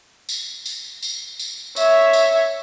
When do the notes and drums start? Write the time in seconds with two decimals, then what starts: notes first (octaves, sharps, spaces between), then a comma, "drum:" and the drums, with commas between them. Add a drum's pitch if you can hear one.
0.29 drum: tambourine
0.66 drum: tambourine
1.03 drum: tambourine
1.39 drum: tambourine
1.76 C#5 E5, drum: tambourine
2.13 drum: tambourine